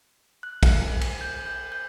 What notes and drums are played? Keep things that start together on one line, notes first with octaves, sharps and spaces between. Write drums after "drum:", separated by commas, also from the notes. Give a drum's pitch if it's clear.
F#6
drum: kick, cymbal
drum: cymbal
G6
G6
G6